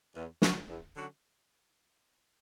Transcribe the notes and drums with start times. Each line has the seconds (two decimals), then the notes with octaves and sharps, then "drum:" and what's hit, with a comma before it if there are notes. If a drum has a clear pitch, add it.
0.16 E2
0.42 D3 F#3 C#4 F#4, drum: snare
0.68 E2
0.94 D3 F#3 C#4 F#4